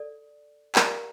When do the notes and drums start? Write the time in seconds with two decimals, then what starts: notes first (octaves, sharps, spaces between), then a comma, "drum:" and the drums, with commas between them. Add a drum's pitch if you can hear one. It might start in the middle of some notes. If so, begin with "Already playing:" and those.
Already playing: A4 D5
0.75 G4 A#4 D5 F5 A#5, drum: clap